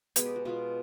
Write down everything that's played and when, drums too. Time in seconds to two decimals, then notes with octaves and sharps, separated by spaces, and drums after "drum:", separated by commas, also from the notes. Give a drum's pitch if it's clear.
0.16 B2 G#3 B3 G#4, drum: hi-hat
0.26 G4
0.36 F#4
0.45 B2 G#3 B3 F4